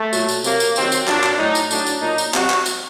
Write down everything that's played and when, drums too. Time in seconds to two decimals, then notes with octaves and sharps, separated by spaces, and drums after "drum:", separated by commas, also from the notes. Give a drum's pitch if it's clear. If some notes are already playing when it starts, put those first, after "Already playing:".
Already playing: A3
0.13 A#2 F#3, drum: tambourine
0.29 drum: tambourine
0.44 C3 F#3 A#3, drum: tambourine
0.60 drum: tambourine
0.76 C3 D#3 F#3 C4, drum: tambourine
0.92 drum: tambourine
1.08 A#2 F#3 D4, drum: clap
1.23 drum: clap
1.39 A2 F#3 D#4
1.55 drum: tambourine
1.71 A2 F#3 D4, drum: tambourine
1.87 drum: tambourine
2.02 A#2 F#3 D#4
2.18 drum: tambourine
2.34 C3 F#3 F#4, drum: clap
2.50 drum: clap
2.66 drum: tambourine